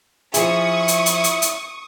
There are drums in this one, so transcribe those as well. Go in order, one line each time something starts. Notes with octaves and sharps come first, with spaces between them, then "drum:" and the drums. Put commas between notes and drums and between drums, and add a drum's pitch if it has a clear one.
F3 E4 G#4 C#6 D#6, drum: hi-hat
drum: hi-hat
drum: hi-hat
drum: hi-hat
drum: hi-hat